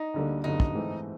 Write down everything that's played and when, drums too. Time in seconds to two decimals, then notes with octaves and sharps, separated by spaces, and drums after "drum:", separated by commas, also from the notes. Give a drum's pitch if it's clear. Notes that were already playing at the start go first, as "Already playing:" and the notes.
Already playing: D#4
0.14 D2 D3 G3 A#3
0.44 G1 F#2 D3 G3 D#4
0.60 drum: kick
0.75 G#2 E3 A3 C4